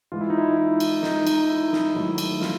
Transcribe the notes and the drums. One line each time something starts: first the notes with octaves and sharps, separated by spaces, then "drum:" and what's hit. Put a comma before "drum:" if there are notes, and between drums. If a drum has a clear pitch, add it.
G#2 E3 G#3 F4
E4
D#4
E4
E4
drum: cymbal
D#4, drum: snare
D#4, drum: cymbal
E4
D#4, drum: snare
G#2 D#3 F#3 A3 E4
drum: cymbal
F4, drum: snare